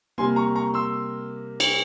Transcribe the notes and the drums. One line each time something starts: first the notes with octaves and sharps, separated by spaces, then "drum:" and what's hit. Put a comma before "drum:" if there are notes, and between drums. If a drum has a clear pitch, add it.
C3 G3 A#3 G#5 C6
A#5 C#6
A#5 C#6
C6 E6
drum: cymbal